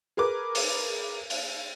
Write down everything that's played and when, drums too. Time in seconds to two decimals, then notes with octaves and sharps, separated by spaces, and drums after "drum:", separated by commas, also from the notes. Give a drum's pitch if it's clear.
0.17 G#4 A#4 B4 D6
0.55 drum: open hi-hat
1.30 drum: open hi-hat